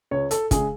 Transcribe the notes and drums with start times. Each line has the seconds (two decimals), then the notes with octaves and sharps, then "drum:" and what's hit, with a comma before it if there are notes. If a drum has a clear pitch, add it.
0.11 C#2 C#5
0.31 A4, drum: hi-hat
0.51 C#3 G#3 G#4, drum: kick, hi-hat